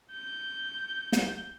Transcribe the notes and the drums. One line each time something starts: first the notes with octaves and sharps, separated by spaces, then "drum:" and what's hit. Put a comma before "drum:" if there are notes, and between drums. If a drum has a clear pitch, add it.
G6
drum: snare